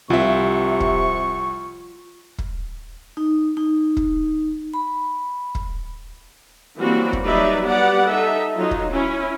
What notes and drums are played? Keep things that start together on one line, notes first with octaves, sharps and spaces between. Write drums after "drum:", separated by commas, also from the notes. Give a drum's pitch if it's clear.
C2 C3 F4 E5 C#6
drum: kick
drum: kick
D#4
D#4
drum: kick
B5
drum: kick
E3 F#3 G3 A#3 C4 F#4
drum: kick
F#3 G3 D#4 B4 D5 E5
G3 B3 G4 D5 F#5
D#4 A4 E5
F#3 D#4 F4
drum: kick
C#4 E4